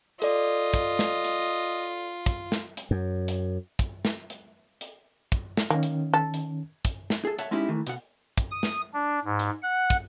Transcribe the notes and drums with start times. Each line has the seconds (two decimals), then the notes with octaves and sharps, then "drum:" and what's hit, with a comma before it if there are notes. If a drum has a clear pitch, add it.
0.22 F4 A4 D5 D#5, drum: hi-hat
0.74 drum: kick, hi-hat
0.99 drum: snare
1.25 drum: hi-hat
2.26 drum: kick, hi-hat
2.52 drum: snare
2.77 drum: hi-hat
2.91 F#2
3.28 drum: hi-hat
3.79 drum: kick, hi-hat
4.05 drum: snare
4.30 drum: hi-hat
4.81 drum: hi-hat
5.32 drum: kick, hi-hat
5.57 drum: snare
5.70 D#3 A#3 C#4
5.83 drum: hi-hat
6.14 A4
6.34 drum: hi-hat
6.85 drum: kick, hi-hat
7.10 drum: snare
7.25 G#4 A4
7.39 C#5 E5 F#5 A5, drum: hi-hat
7.51 G#3 C#4 D#4 E4 G4
7.68 D#3 E3 A3
7.87 B2 F#5, drum: hi-hat
8.38 drum: kick, hi-hat
8.51 D#6
8.63 drum: snare
8.94 D4
9.25 G#2
9.39 drum: hi-hat
9.62 F#5
9.90 drum: kick, hi-hat